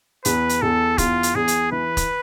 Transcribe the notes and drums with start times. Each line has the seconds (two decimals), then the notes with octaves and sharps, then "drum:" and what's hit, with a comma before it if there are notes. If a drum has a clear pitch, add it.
0.25 E2 B4, drum: hi-hat
0.49 drum: hi-hat
0.62 E2 A4
0.98 E2 F4, drum: kick, hi-hat
1.23 drum: hi-hat
1.35 E2 G#4
1.48 drum: hi-hat
1.72 E3 B4
1.97 drum: kick, hi-hat